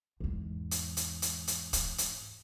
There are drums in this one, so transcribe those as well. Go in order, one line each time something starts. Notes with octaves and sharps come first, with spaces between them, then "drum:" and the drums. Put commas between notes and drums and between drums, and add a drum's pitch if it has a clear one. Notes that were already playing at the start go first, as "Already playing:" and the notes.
E2 G#2
drum: hi-hat
drum: hi-hat
drum: hi-hat
drum: hi-hat
drum: kick E1, hi-hat
drum: hi-hat